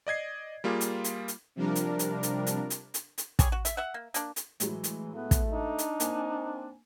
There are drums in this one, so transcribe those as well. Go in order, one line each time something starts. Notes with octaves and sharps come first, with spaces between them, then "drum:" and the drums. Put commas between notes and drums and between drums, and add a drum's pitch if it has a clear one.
D5 D#5 G#6 C7
G3 A#3 F4 G#4
drum: hi-hat
drum: hi-hat
drum: hi-hat
C3 F3 G3 D4 A#4
drum: hi-hat
drum: hi-hat
drum: hi-hat
drum: hi-hat
drum: hi-hat
drum: hi-hat
drum: hi-hat
G3 G4 G#4 C#5, drum: kick, hi-hat
F#4
E5, drum: hi-hat
E5 F#5
A#3
A#3 D4, drum: hi-hat
drum: hi-hat
A2 E3 F#3 G#3, drum: hi-hat
drum: hi-hat
A3 B3
drum: kick, hi-hat
D4 D#4
drum: hi-hat
A#3 C4 G#5, drum: hi-hat